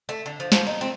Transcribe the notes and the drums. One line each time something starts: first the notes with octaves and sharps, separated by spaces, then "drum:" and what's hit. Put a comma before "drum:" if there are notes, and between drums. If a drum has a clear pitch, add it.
A3
D3
F3
F3, drum: snare
D#4
C4